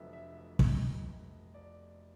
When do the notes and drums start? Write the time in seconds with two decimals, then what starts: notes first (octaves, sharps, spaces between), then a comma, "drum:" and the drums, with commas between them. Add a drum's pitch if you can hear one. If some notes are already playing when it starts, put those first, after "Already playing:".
Already playing: F1 F2 D3 F#3 B3 E5
0.13 E5
0.37 E5
0.59 D#5, drum: kick
1.54 D5